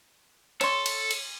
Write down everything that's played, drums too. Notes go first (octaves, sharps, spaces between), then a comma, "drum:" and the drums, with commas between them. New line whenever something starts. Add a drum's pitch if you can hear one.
A4 C#5 C6, drum: cymbal
drum: cymbal
drum: cymbal